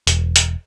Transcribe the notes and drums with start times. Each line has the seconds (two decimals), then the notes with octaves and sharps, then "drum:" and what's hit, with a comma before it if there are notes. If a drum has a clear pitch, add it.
0.07 E1, drum: hi-hat
0.36 drum: hi-hat